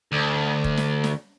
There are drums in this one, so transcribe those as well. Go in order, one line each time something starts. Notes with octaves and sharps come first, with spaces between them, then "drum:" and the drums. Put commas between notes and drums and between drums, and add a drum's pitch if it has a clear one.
D2
drum: kick F1
drum: snare
drum: snare